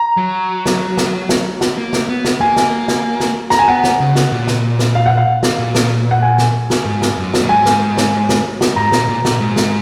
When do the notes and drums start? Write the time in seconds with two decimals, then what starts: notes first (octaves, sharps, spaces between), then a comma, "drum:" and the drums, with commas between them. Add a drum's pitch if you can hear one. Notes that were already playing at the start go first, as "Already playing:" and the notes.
Already playing: A#5
0.17 F#3
0.66 drum: snare
0.97 drum: snare
1.29 drum: snare
1.61 drum: snare
1.78 A#3
1.93 drum: snare
2.09 B3
2.25 drum: snare
2.41 A#3 G#5
2.56 drum: snare
2.88 drum: snare
3.20 drum: snare
3.50 A#5, drum: snare
3.59 G#5
3.68 B3 F#5
3.84 drum: snare
4.00 C#3
4.16 drum: snare
4.32 A#2
4.47 drum: snare
4.79 drum: snare
4.95 F5
5.06 F#5
5.17 F5
5.43 drum: snare
5.59 A#2
5.75 drum: snare
6.11 F#5
6.22 G#5
6.38 drum: snare
6.70 drum: snare
6.85 G#2
7.02 drum: snare
7.18 F#2
7.34 drum: snare
7.43 A#2
7.49 G#2 G#5
7.65 drum: snare
7.97 drum: snare
8.29 drum: snare
8.61 drum: snare
8.76 G#2 A#5
8.92 A#2, drum: snare
9.09 A#2
9.25 A#2, drum: snare
9.41 G#2
9.56 drum: snare